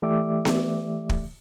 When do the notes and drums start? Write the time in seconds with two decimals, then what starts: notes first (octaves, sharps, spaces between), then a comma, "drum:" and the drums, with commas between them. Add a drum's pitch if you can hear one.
0.02 E3 A3 G4 D5 E5 D6
0.45 drum: snare B3
1.09 drum: kick